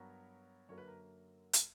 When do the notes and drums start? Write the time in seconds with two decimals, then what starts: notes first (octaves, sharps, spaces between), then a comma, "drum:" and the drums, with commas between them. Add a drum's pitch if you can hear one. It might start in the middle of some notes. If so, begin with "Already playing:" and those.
Already playing: G2 F#3 B3 A#4 C#5
0.69 F#2 D3 F#3 A#3 C#5
0.78 B4
0.88 A#4
1.53 drum: hi-hat